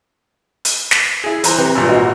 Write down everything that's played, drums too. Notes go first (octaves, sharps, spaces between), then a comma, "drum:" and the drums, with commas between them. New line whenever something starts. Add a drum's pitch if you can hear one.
drum: hi-hat
drum: snare
E4 G#4
E3 C5 A#5, drum: hi-hat
C3 B4
G#1 G2 A#2
F#4 D#5